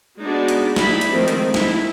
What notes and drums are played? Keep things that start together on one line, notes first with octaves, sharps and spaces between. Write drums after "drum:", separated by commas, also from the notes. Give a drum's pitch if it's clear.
G#3 B3 D4 D#4 F#4 G#4
drum: hi-hat
D#4 E4 G4 D5 E5 B5, drum: snare
drum: hi-hat
D#3 F3 G#3 A3 C4
drum: hi-hat
E4, drum: snare